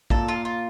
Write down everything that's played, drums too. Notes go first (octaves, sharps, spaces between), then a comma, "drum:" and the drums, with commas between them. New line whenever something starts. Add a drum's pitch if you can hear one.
A#2 A#3 A4, drum: kick
F4
F4